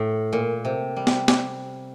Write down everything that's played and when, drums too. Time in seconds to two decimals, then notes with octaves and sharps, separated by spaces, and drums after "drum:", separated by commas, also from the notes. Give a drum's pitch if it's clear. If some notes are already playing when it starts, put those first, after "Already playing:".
Already playing: A2
0.33 A#2
0.65 C3
0.96 G3
1.07 drum: snare
1.28 drum: snare